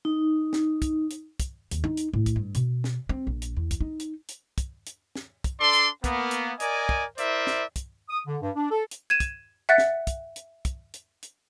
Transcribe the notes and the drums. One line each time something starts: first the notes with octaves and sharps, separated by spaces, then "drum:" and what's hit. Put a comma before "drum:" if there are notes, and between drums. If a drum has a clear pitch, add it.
D#4
drum: snare
drum: kick, hi-hat
drum: hi-hat
drum: kick, hi-hat
D#2, drum: hi-hat
D#4
drum: hi-hat
A2
drum: kick, hi-hat
G2
B2, drum: hi-hat
drum: snare
C4
A#1
drum: hi-hat
E2
drum: kick, hi-hat
D#4
drum: hi-hat
drum: hi-hat
drum: kick, hi-hat
drum: hi-hat
drum: snare
drum: kick, hi-hat
D4 A4 D5 C6
drum: hi-hat
A#3 B3, drum: kick, hi-hat
drum: hi-hat
A#4 D5 D#5 G#5, drum: hi-hat
drum: kick
E4 A#4 C5 D5 E5, drum: hi-hat
drum: snare
drum: kick, hi-hat
D#6
D3
G2
D4
A4
drum: hi-hat
G#6 D#7 E7
drum: kick, hi-hat
E5 F#5 F#6 A6 B6 C#7
drum: snare
drum: kick, hi-hat
drum: hi-hat
drum: kick, hi-hat
drum: hi-hat
drum: hi-hat